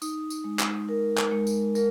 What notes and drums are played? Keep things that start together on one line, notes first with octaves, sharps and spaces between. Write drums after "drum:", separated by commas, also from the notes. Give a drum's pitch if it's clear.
D#4, drum: tambourine
drum: tambourine
G#3
drum: clap
A#4
drum: clap
G#3
drum: tambourine
A#4, drum: tambourine